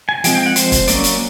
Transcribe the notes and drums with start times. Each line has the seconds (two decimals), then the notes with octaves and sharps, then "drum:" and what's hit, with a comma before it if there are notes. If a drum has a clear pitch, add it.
0.09 G#5
0.24 F3 G#3 C4 G5, drum: hi-hat
0.35 G5
0.46 F#5
0.56 C5, drum: hi-hat
0.72 drum: kick, hi-hat
0.88 F#3 A#3 C#4 D5, drum: hi-hat
1.04 drum: hi-hat